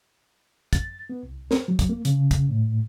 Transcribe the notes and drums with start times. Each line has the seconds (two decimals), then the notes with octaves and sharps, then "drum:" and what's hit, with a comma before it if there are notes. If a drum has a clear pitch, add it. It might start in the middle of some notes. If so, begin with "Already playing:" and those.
0.73 A6, drum: kick, hi-hat
1.09 B3
1.23 C2
1.51 A#4, drum: snare
1.68 F#3
1.79 drum: kick, hi-hat
1.89 A#3
2.05 C#3, drum: hi-hat
2.31 drum: kick, hi-hat
2.49 A2